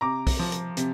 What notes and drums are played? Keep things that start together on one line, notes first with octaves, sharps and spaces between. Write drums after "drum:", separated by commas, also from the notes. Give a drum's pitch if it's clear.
C3 A#5 D6
drum: kick B1, open hi-hat
F3
drum: hi-hat
C3, drum: hi-hat